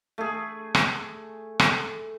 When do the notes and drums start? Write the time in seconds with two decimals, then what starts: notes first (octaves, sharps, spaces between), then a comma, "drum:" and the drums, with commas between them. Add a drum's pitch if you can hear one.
0.18 A3 G#4
0.75 drum: rim click
1.59 drum: rim click